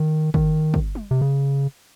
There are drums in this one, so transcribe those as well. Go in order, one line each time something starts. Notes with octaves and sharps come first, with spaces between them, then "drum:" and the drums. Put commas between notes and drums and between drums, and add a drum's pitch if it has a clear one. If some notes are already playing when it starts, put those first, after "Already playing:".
Already playing: D#3
D#3, drum: kick
drum: kick
drum: tom G3
C3
C#3